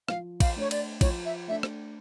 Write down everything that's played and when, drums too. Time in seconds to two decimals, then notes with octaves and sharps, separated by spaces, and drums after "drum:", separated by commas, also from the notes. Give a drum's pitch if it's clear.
0.09 F3 F5, drum: rim click
0.40 F5, drum: kick, cymbal
0.56 A3 D4 C#5
0.71 D5, drum: cymbal
1.01 F3 C#5, drum: kick, cymbal
1.25 E5
1.47 A3 D4 E5
1.63 drum: rim click